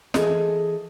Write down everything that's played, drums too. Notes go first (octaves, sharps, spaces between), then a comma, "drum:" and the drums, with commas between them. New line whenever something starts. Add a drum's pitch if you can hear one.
E3 G#4 A4 D#5, drum: snare